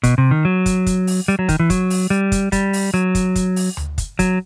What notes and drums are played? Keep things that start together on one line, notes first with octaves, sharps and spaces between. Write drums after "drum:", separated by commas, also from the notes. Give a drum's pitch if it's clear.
B2, drum: kick, hi-hat
C3
D#3
F#3
drum: kick, hi-hat
drum: kick, hi-hat
drum: open hi-hat
G3
F#3
D#3, drum: kick, hi-hat
E3
F#3, drum: kick, hi-hat
drum: open hi-hat
G3
drum: kick, hi-hat
G3, drum: kick, hi-hat
drum: open hi-hat
F#3
drum: kick, hi-hat
drum: kick, hi-hat
drum: open hi-hat
drum: tom D2
drum: kick, hi-hat
F#3, drum: kick, hi-hat